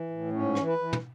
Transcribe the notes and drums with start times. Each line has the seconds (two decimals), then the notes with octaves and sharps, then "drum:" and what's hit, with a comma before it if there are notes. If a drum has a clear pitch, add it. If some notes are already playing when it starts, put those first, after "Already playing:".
Already playing: E3
0.10 A2
0.32 G#2 C#4
0.55 E3, drum: rim click
0.66 B4
0.78 E3
0.93 drum: tom